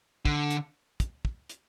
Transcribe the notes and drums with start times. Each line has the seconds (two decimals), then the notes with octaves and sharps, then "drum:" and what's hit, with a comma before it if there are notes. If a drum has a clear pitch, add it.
0.26 D3, drum: kick
0.50 drum: hi-hat
1.00 drum: kick, hi-hat
1.25 drum: kick
1.49 drum: hi-hat